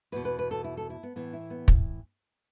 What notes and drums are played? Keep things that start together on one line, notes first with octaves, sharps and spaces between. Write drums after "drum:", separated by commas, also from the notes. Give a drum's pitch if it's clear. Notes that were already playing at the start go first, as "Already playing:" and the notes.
E2 B2 B4
B4
B4
A4
E4
A4
E4
B3
A2 E3 B3
E4
B3
drum: kick